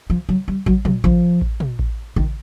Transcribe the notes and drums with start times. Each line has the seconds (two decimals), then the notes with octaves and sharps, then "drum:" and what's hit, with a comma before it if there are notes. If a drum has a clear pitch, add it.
0.10 F3
0.29 F#3
0.48 G3
0.66 F#3, drum: kick A1
0.85 F#3, drum: tom
1.04 F3, drum: kick A1
1.41 drum: kick A1
1.60 drum: tom
1.79 drum: kick A1
2.16 D#3, drum: kick A1